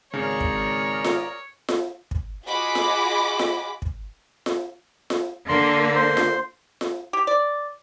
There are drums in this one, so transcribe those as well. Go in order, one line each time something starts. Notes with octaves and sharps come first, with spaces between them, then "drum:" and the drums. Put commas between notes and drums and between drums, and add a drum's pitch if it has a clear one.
G#1 C#3 G#4 A#4 C#5 D5
drum: kick
drum: snare F4
drum: snare F4
drum: kick
F4 F#4 G#4 D#5 B5 D6
drum: snare F4
drum: snare F4
drum: kick
drum: snare F4
drum: snare F4
D3 A#3 C6
C5
drum: snare F4
drum: snare F4
G4
D5